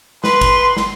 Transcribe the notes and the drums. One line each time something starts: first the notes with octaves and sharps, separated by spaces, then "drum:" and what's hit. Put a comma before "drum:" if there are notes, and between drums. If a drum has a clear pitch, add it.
B4 C6, drum: snare
drum: kick G1, cymbal
drum: snare